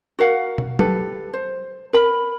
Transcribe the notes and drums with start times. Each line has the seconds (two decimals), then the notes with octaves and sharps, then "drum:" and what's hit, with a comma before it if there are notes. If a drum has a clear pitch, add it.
0.19 F#4 A#4 F5 F#5
0.58 drum: tom
0.79 G4 A4 B4, drum: tom F#3
1.33 C5
1.93 A#4 B5